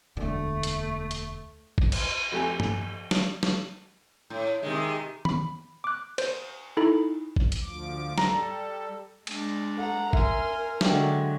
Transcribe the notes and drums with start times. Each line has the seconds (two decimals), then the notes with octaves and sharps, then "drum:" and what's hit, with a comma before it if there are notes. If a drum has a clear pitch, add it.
0.17 E1 D2 D3 A3
0.63 drum: hi-hat
1.11 drum: hi-hat
1.78 drum: kick G#1
1.92 drum: cymbal
2.32 F2 A3 G4 G#5
2.60 drum: tom G2
3.11 drum: snare
3.43 drum: snare
4.30 A2
4.62 C3 D#3 G#3
5.25 B5, drum: tom D#3
5.84 D6 F#6
6.18 C5, drum: cymbal
6.77 D#4 E4 A4 A#5 B5
7.36 drum: kick G#1
7.52 drum: hi-hat
7.61 D2 F3 D6
8.18 G3 A4 A#5, drum: snare
9.27 G#3 D4, drum: cymbal
9.78 A4 F#5 A#5
10.13 A#4 E5 G#5 C6, drum: kick G#1
10.81 D3 F#3 G#3 E5 F#5 G5, drum: snare